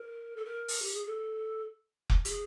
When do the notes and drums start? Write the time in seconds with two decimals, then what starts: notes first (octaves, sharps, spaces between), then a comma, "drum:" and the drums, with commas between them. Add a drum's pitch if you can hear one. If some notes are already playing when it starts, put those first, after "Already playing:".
Already playing: A#4
0.37 A4
0.45 A#4
0.68 drum: open hi-hat
0.82 G4
0.94 G#4
1.06 A4
2.10 drum: kick F1
2.25 G4, drum: hi-hat
2.29 G#4